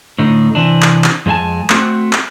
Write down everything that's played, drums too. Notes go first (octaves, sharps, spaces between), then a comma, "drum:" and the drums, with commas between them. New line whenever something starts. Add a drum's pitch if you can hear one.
A2 D3 D#4
C3 E3 D4
drum: clap
drum: clap
F2 G#3 D4 G#5 A5
A3 C4 F#4, drum: clap
drum: clap